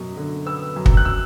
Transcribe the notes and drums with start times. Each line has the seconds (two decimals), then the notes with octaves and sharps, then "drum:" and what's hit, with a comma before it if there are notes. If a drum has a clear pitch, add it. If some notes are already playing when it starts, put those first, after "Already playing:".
Already playing: F#2 B2
0.17 D3
0.46 B3 E6
0.76 F#2
0.86 drum: kick
0.97 F#6
1.05 E6